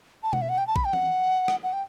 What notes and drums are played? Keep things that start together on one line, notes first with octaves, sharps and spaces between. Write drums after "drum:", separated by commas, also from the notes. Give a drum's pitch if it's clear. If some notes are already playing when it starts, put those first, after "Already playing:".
A5
F#5, drum: tom B2
E5
F#5
G5
A5
B5, drum: kick
G5
F#5, drum: tom E3
drum: rim click
F#5
G5